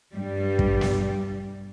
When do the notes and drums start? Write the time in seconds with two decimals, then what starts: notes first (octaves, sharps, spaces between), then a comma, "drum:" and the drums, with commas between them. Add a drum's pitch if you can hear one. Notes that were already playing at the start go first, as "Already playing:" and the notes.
0.14 G2 G3
0.59 drum: kick
0.81 drum: snare